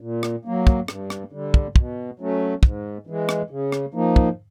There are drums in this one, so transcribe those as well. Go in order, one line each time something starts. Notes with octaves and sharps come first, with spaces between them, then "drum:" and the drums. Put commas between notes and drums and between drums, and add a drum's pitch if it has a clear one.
A#2
drum: rim click
F#3 A#3
drum: kick
G2, drum: rim click
drum: rim click
D3 G3
drum: kick
B2, drum: kick
F#3 A3 C#4
G#2, drum: kick
E3 G#3
drum: rim click
C#3
drum: rim click
F3 A#3 D#4
drum: kick